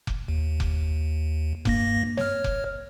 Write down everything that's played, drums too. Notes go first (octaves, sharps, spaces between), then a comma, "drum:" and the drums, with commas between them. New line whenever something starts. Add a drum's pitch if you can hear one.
drum: kick F1
D#2
drum: kick F1
G2 A#3 A#6, drum: kick F1
C#5 F6, drum: snare
drum: kick F1